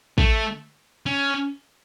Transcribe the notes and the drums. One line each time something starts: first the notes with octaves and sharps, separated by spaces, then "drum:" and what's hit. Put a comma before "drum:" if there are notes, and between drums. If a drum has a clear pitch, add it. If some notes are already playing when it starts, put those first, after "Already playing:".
A3, drum: kick
C#4